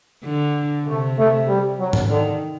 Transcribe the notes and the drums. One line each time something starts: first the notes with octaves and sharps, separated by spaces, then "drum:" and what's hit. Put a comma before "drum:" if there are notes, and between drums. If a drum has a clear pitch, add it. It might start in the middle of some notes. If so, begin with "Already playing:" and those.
D3
C3 A3
A3
G3
F#3
drum: tom G#2
D3 D#3